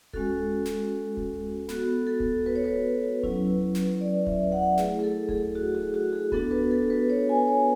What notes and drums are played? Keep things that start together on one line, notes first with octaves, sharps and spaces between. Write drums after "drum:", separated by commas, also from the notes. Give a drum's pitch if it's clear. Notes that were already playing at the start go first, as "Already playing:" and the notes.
G#3 C#4 F#4 A4, drum: kick D1
drum: snare
drum: kick D1
B3 F#4 A4, drum: snare
A4
drum: kick D1
B4
C#5
B4
F#3 C#4 E4, drum: kick D1
drum: snare
D5
E5, drum: kick D1
F#5
A3 E4 G#4, drum: snare
G#4
A4
G#4, drum: kick D1
F#4
G#4
F#4
G#4
B3 D4 F#4 A4, drum: kick D1
B4
A4
B4
C#5
G#5
C#5